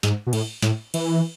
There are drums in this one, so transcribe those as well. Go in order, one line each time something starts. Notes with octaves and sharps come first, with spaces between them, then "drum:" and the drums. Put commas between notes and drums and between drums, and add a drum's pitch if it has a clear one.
G#2, drum: snare
B2
A2, drum: cymbal
A2, drum: snare
E3, drum: cymbal